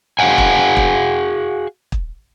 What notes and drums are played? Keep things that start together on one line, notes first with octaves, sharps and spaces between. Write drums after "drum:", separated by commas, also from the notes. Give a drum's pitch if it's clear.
F#4 G#4 F5 F#5 G#5
drum: kick
drum: kick
drum: kick